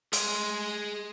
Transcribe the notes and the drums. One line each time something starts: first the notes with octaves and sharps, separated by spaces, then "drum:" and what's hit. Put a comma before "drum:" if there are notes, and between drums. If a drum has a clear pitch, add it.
G#4 C6, drum: hi-hat